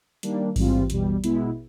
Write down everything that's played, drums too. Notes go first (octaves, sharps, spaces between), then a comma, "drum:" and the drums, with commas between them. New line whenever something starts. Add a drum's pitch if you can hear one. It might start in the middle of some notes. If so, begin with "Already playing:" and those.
D#3 G3 A#3 D4, drum: hi-hat
G#2 E3 G3 C4 F4, drum: kick A1, open hi-hat
E2 B2 G3, drum: hi-hat
B2 G#3 B3 E4, drum: hi-hat